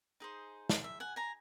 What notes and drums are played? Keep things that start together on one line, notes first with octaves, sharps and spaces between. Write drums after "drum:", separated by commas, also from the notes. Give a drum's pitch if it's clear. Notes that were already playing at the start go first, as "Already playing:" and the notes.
D#4 G#4 C5
drum: snare
E5
F#5 G#5
G#5 A#5